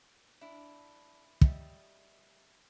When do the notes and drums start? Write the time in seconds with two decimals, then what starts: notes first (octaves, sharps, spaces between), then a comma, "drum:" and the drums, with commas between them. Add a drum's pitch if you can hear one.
0.41 D4 E4
1.41 G3 D#5 E5, drum: kick